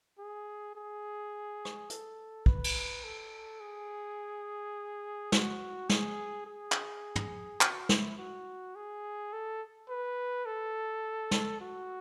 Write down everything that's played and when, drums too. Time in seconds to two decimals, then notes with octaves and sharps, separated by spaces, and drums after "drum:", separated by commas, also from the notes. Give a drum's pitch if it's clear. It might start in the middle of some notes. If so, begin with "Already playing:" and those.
0.19 G#4
0.75 G#4
1.65 drum: rim click
1.90 A4, drum: hi-hat
2.46 B4, drum: kick
2.64 drum: cymbal
3.04 A4
3.60 G#4
5.32 F#4, drum: snare
5.89 G#4, drum: snare
6.47 G#4
6.72 drum: clap
7.16 drum: tom
7.61 F#4, drum: clap
7.89 E4, drum: snare
8.18 F#4
8.76 G#4
9.33 A4
9.89 B4
10.46 A4
11.31 drum: snare
11.61 F#4